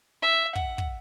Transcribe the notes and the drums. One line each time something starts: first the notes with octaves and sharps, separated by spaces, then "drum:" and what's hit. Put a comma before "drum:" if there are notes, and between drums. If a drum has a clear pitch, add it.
E5
F#5, drum: kick
drum: kick